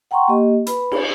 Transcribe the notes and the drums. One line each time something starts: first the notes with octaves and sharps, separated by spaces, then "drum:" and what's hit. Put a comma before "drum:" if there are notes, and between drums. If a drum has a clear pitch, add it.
F#5 G5 A#5 C6 C#6
A#3 G4 D#5
B4 B5, drum: hi-hat
drum: cymbal